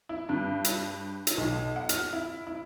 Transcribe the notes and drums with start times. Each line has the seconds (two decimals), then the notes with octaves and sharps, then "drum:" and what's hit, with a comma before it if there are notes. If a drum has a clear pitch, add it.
0.09 E4
0.29 G2
0.64 drum: hi-hat
1.27 drum: hi-hat
1.38 B1
1.76 F#5
1.89 F6, drum: hi-hat
2.13 E4
2.47 E4